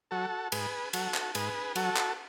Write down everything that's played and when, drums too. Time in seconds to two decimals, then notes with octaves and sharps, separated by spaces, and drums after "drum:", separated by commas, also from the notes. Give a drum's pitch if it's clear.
0.11 F#3 F#4 A4
0.52 G#2 G#4 B4, drum: cymbal
0.93 F#3 F#4 A4, drum: cymbal
1.14 drum: clap
1.35 G#2 G#4 B4, drum: cymbal
1.75 F#3 F#4 A4, drum: cymbal
1.97 drum: clap